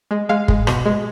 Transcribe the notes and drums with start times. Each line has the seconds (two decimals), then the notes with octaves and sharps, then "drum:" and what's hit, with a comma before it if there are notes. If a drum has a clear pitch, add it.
0.11 G#3
0.29 G#3 F5
0.48 G#3, drum: kick
0.67 B2, drum: rim click
0.86 G#3